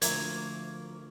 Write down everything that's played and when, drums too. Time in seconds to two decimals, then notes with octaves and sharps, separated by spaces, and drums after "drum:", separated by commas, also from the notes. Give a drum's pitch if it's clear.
0.02 D2 F3 A#3 E4 G#6, drum: hi-hat